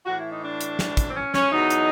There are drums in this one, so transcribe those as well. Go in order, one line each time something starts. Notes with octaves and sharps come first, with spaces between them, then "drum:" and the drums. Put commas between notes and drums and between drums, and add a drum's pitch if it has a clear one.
A2 E3 F#4
E4
D#4
D4
drum: hi-hat
drum: snare
drum: kick, hi-hat
C4
C#4
C#4, drum: snare
E2 B2 F#3 D#4
drum: hi-hat